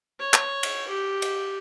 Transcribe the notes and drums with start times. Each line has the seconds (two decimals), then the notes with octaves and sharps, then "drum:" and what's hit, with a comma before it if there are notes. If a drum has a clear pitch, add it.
0.19 C#5
0.34 drum: clap
0.63 drum: cymbal
0.88 G4
1.22 drum: cymbal